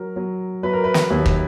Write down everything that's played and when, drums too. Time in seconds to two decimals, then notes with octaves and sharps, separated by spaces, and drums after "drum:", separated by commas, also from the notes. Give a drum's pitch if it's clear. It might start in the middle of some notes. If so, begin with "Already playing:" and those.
Already playing: F#3 A#4
0.16 F#3
0.63 F#3 B4
0.73 A#4
0.84 B4
0.94 drum: snare
1.10 D#2
1.26 drum: kick